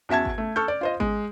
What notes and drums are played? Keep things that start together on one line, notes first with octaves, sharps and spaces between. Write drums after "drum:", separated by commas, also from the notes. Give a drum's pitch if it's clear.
E2 F#4 E5 A5 G#6
drum: kick G#1
A3
A4 C#6 F6 G6
D5
F4 C5 D#5
G#3, drum: kick G#1